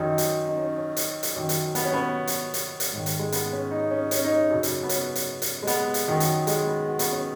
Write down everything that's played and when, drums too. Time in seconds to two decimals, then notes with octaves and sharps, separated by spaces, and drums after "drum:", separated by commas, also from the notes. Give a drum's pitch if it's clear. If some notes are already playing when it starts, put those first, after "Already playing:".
Already playing: F#2 D#3 D#4
0.18 drum: hi-hat
0.48 D#4
0.57 C#4
0.77 C#4
0.97 drum: hi-hat
1.23 drum: hi-hat
1.36 F#2 D#3
1.49 drum: hi-hat
1.75 B3, drum: hi-hat
1.85 C#4
1.94 B3
2.27 drum: hi-hat
2.54 drum: hi-hat
2.80 drum: hi-hat
2.92 G#2 D#3
3.06 drum: hi-hat
3.19 G#3
3.32 B3, drum: hi-hat
3.52 C#4
3.71 D#4
3.91 C#4
4.11 C#4, drum: hi-hat
4.24 D#4
4.37 C#4
4.50 F#2 C#3
4.63 drum: hi-hat
4.83 B3
4.89 C#4, drum: hi-hat
5.15 drum: hi-hat
5.42 drum: hi-hat
5.63 G#3
5.67 B3, drum: hi-hat
5.94 drum: hi-hat
6.08 F#2 D#3
6.20 drum: hi-hat
6.47 G#3, drum: hi-hat
6.66 B3
6.85 F#4
6.99 B3, drum: hi-hat
7.12 C#4